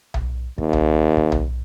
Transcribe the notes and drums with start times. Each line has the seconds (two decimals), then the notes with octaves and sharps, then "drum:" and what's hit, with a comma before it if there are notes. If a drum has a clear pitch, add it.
0.14 drum: tom B1
0.58 D#2, drum: kick
0.73 drum: tom B1
1.17 drum: kick
1.32 drum: tom B1